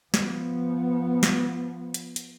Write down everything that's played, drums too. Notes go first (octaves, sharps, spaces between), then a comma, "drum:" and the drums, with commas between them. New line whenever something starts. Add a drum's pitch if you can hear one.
F3 B3, drum: snare
drum: snare
drum: hi-hat
drum: hi-hat